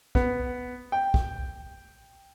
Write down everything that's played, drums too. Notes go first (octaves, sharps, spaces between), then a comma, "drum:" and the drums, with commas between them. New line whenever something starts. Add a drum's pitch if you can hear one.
B3, drum: kick
G5
drum: kick